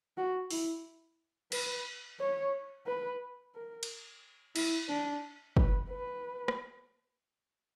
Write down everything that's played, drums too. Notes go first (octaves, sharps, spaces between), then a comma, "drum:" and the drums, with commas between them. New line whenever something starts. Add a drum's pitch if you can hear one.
F#4
E4, drum: open hi-hat
B4, drum: cymbal
C#5
B4
A#4
drum: cymbal
E4, drum: cymbal
D4
B4, drum: kick
B4
drum: rim click